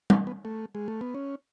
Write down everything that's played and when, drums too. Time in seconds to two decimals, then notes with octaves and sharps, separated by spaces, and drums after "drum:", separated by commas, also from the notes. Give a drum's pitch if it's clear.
0.10 B3, drum: tom
0.27 B3
0.45 A3
0.75 G#3
0.88 A3
1.01 B3
1.15 C#4